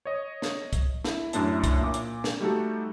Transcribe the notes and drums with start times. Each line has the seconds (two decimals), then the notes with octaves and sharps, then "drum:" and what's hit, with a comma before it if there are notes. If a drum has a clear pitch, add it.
0.05 C#5 D#5
0.42 drum: snare
0.73 drum: kick C2, hi-hat
1.04 E4, drum: snare
1.33 F#2 A2 D4 E4 E5 A5, drum: hi-hat
1.64 drum: kick C2, hi-hat
1.81 A#2 D6
1.94 drum: hi-hat
2.24 drum: snare
2.41 G3 A3 D#4 F#4 G4 A4